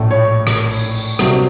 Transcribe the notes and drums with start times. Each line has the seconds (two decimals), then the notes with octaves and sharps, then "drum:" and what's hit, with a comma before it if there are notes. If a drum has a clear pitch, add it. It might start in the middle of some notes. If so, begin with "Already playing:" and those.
Already playing: A#1 A2 A3
0.11 C#5
0.47 drum: rim click
0.71 drum: tambourine
0.95 drum: tambourine
1.19 C2 C3 F#3, drum: rim click